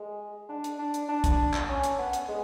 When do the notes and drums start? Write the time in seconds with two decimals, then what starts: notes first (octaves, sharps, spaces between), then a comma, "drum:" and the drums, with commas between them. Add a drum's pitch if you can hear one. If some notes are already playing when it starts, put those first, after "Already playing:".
Already playing: G#3
0.49 D4
0.64 drum: hi-hat
0.79 D4
0.94 drum: hi-hat
1.09 D4
1.24 drum: kick, hi-hat
1.54 drum: clap
1.69 C#4
1.84 drum: hi-hat
1.99 B3
2.13 drum: hi-hat
2.28 G#3